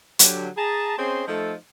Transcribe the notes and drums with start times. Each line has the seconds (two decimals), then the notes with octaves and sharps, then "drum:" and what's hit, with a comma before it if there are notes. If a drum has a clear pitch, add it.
0.19 D3 F#3 G4, drum: hi-hat
0.57 G#4 A5 A#5
0.97 C4 C#4 G#4 C5 D#5 C6
1.27 F3 A3 D#4 A4